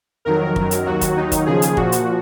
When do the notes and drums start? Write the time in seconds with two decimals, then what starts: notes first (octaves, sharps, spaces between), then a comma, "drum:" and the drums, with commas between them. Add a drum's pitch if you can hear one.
0.25 F2 D#3 F#3 A#4
0.56 F#2 D#3 F#3, drum: kick
0.71 drum: hi-hat
0.86 D#2 D#3 F#3 F#4
1.01 drum: kick, hi-hat
1.17 D#2 D#3 F#3 D#4
1.32 drum: kick, hi-hat
1.46 D#2 C#3 F3 G#4
1.62 drum: hi-hat
1.77 A#2 F3 F#4, drum: kick
1.92 drum: hi-hat